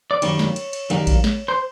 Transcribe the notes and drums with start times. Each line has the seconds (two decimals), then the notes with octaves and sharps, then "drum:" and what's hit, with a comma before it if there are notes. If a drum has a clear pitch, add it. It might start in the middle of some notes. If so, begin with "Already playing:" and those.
0.11 D5
0.22 F#2 D#3 G3 A#3 C#5, drum: cymbal
0.39 drum: snare
0.56 drum: cymbal
0.73 drum: cymbal
0.90 F#2 D#3 G3 A#3, drum: cymbal
1.07 drum: kick A1, cymbal
1.24 drum: snare
1.48 C5